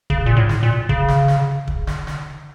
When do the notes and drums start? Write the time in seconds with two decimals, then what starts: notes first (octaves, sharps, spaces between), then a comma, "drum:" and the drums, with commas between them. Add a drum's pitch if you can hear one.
0.10 C#3, drum: kick
0.26 A#2
0.37 A2
0.49 drum: snare
0.63 A#2
0.89 C#3, drum: kick
1.08 drum: snare
1.28 drum: snare
1.67 drum: kick
1.87 drum: snare
2.07 drum: snare